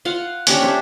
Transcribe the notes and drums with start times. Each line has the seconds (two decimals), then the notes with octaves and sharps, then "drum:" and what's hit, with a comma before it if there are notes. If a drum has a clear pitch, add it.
0.05 F4 F5 F#5
0.47 C#4 D4 G4 C#5, drum: hi-hat
0.61 D4 C5 E5